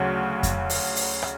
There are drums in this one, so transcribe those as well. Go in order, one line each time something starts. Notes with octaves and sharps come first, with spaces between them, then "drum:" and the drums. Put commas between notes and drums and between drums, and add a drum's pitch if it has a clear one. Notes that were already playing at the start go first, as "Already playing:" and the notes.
Already playing: D2 C#3 F#3
drum: kick F2, hi-hat
drum: open hi-hat
drum: open hi-hat
drum: rim click